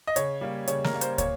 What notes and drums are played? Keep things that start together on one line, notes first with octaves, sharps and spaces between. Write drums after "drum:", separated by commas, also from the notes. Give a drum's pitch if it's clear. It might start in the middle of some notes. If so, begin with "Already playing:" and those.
D#5
C#3 C#5, drum: hi-hat
G3 A#3
C#3 C#5, drum: hi-hat
A#4, drum: snare
G3 A#3
C5, drum: hi-hat
A#2 C#5, drum: kick, hi-hat